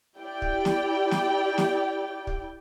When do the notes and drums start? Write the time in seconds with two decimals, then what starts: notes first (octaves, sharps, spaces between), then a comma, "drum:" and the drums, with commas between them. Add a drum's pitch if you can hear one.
0.19 E4 G4 D5 G5
0.42 drum: kick
0.65 drum: snare
1.11 drum: snare
1.58 drum: snare
2.27 drum: kick